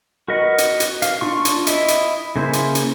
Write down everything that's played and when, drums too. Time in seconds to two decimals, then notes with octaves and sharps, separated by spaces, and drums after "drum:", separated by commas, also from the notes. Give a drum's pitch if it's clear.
0.28 F#4 A#4 B4 D#5 F#5
0.58 drum: hi-hat
0.80 drum: hi-hat
1.02 F5, drum: hi-hat
1.21 D4 F4 C#6
1.45 drum: hi-hat
1.67 E4 D#5, drum: hi-hat
1.88 drum: hi-hat
2.36 C#3 A#3 E4 C5
2.53 drum: hi-hat
2.75 drum: hi-hat